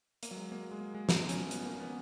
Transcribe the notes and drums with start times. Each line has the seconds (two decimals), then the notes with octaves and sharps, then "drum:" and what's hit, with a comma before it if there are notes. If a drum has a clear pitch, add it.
0.23 A#3, drum: hi-hat
0.31 F#3
0.36 G#3
0.52 A#3
0.71 G#3
0.80 A#3
0.95 G#3
1.09 B3, drum: snare
1.21 D#4
1.29 C#4, drum: hi-hat
1.51 B3, drum: hi-hat
1.66 A#3
1.80 B3